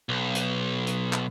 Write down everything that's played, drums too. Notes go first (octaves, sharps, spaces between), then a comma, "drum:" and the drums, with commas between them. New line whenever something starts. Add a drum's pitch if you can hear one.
B1
drum: hi-hat
drum: hi-hat
drum: clap